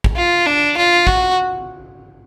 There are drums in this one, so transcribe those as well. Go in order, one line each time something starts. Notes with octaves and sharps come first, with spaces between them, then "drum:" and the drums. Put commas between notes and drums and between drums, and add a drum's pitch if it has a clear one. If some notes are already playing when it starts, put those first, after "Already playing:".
drum: kick
F4
D4
F4
F#4, drum: kick